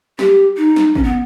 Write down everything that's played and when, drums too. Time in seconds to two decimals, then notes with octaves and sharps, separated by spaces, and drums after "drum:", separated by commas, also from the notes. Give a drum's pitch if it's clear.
0.19 G4, drum: snare
0.57 D#4
0.76 drum: snare
0.95 C#4, drum: kick G#1
1.03 B3